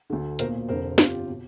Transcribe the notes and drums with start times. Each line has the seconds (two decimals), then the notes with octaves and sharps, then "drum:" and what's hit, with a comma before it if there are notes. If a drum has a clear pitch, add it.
0.10 D2 D3
0.39 B1 A#2 A#4 C5, drum: hi-hat
0.69 F1 F2 D3 A#4 C5
0.98 G1 F2 D3 F4 G4, drum: snare
1.28 B2